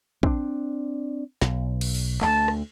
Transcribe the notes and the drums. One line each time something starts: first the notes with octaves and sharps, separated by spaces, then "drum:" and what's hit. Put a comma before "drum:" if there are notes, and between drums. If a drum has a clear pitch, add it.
C4 D4, drum: kick
B1, drum: snare
drum: cymbal
drum: open hi-hat
D2 A3 A5, drum: clap
drum: rim click